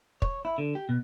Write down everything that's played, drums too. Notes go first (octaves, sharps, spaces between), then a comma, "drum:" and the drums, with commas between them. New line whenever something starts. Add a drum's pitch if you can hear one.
C#5, drum: kick
E4
D3
G4
B2